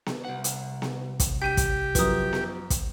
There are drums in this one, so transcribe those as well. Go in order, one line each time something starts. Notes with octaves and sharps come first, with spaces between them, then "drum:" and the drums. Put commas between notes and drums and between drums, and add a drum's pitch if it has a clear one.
drum: snare B3
C2 F#5
drum: hi-hat
drum: snare B3
drum: kick, hi-hat
G4 G5 G6 B6 D#7
drum: kick, hi-hat
F#2 F3 B4 D#6, drum: kick, hi-hat
drum: snare B3
drum: kick, hi-hat